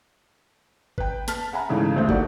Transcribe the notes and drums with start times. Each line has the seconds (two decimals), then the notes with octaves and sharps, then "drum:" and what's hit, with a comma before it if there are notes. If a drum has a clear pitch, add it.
0.98 B4 G5, drum: kick
1.28 A5 F6 B6, drum: snare
1.53 E5 F#5 G#5 A#5 B5
1.69 G#2 C#3 E3 G#3 A3
1.95 D#1 A1 D2 F3 C5 G6
2.09 A3 A#3 D#4 F#4 D5, drum: kick